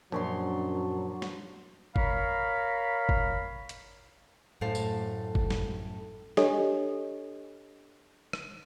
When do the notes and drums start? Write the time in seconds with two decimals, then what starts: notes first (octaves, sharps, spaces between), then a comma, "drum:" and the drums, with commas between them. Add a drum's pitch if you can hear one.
0.12 A#1 F#2 F#3 D4 C#5 C6
1.22 drum: snare
1.96 A#4 C#5 F5 A#5 B5, drum: kick G1
3.09 drum: kick G1
3.69 drum: hi-hat
4.61 F#2 A2 A3 A4 C5 F5
4.75 drum: tambourine
5.35 drum: kick G1
5.50 drum: snare
6.37 D4 G4 A4 C#5 D#5, drum: snare
8.33 drum: rim click